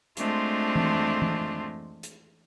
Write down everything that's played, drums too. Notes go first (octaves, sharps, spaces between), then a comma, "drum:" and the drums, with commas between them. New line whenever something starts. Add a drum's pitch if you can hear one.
G#3 A3 C4 D4 F4, drum: hi-hat
drum: tom E3
drum: tom E3
drum: hi-hat